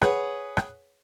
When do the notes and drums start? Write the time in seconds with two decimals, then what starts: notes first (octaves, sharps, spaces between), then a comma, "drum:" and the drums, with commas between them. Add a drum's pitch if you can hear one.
0.02 G#4 B4 C#5 F#5, drum: rim click
0.57 drum: rim click